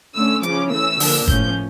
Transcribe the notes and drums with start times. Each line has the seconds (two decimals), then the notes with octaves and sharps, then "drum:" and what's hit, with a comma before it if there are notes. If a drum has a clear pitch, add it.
0.15 D3 A3 C#4 E6
0.43 C#3 F3 C#4 D6, drum: hi-hat
0.72 E3 A3 C#4 E6
1.00 D3 F3 A#3 D4, drum: open hi-hat
1.28 A2 F3 C#4 G6, drum: kick